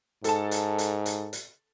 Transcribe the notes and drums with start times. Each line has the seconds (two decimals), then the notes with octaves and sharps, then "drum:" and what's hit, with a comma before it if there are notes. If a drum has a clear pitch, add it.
0.24 G#2 A4 A5, drum: hi-hat
0.51 drum: hi-hat
0.78 drum: hi-hat
1.06 drum: hi-hat
1.33 drum: hi-hat